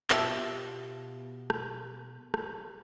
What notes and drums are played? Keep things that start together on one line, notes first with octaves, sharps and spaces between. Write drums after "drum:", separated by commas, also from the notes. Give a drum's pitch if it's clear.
B2 F4 G4 E5 A5 E6, drum: clap
drum: rim click
drum: rim click